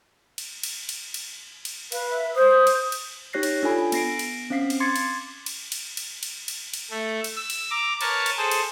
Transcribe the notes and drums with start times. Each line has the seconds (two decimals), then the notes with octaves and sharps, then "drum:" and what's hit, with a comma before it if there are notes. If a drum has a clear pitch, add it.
0.38 drum: cymbal
0.63 drum: cymbal
0.89 drum: cymbal
1.14 drum: cymbal
1.65 drum: cymbal
1.92 B4 F5, drum: cymbal
2.10 E5
2.35 C5 D#6
2.67 drum: cymbal
2.92 drum: cymbal
3.33 D#4 G4 C#5 F#6 A#6 C7
3.43 drum: cymbal
3.63 D4 F4 A4 G#5 B5
3.92 B3 A#6 C7 D7, drum: cymbal
4.19 drum: cymbal
4.50 C4 C#4 F5 B6 C7
4.70 drum: cymbal
4.80 C6 D6 G#6 A6 C7 C#7
4.96 drum: cymbal
5.46 drum: cymbal
5.72 drum: cymbal
5.97 drum: cymbal
6.23 drum: cymbal
6.48 drum: cymbal
6.74 drum: cymbal
6.90 A3
7.24 drum: cymbal
7.36 E6
7.50 drum: cymbal
7.71 A#5 D6
8.01 A#4 B4 C#5 A5 C#6, drum: cymbal
8.26 drum: cymbal
8.37 G#4 A4 C5
8.51 drum: cymbal